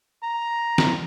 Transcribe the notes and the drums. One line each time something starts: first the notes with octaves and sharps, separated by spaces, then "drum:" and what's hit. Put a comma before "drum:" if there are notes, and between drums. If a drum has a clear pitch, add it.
A#5
drum: snare